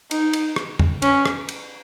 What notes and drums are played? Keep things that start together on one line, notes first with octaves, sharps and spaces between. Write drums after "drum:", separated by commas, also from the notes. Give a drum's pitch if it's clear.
D#4, drum: cymbal
drum: cymbal
drum: rim click
drum: tom E2
C#4, drum: cymbal
drum: rim click
drum: cymbal